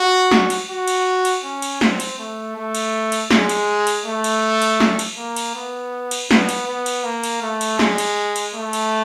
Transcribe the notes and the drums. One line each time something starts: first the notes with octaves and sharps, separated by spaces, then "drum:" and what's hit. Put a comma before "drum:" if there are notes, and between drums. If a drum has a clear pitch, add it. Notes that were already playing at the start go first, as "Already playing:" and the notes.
Already playing: F#4
drum: snare
drum: cymbal
F#4
drum: cymbal
drum: cymbal
C#4
drum: cymbal
C4, drum: snare
drum: cymbal
A3
A3
drum: cymbal
drum: cymbal
G#3, drum: snare
drum: cymbal
drum: cymbal
A3
drum: cymbal
drum: cymbal
drum: snare
drum: cymbal
A#3
drum: cymbal
B3
drum: cymbal
B3, drum: snare
drum: cymbal
B3
drum: cymbal
A#3
drum: cymbal
A3
drum: cymbal
G#3, drum: snare
drum: cymbal
drum: cymbal
A3
drum: cymbal